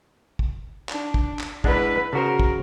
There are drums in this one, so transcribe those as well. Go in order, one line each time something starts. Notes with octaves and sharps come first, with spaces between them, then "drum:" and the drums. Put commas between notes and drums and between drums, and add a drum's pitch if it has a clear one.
drum: kick
D4, drum: clap
drum: kick
drum: clap
G#3 D4 E4 B4 F#5, drum: kick
C#3 F#4 A#4 C5
drum: kick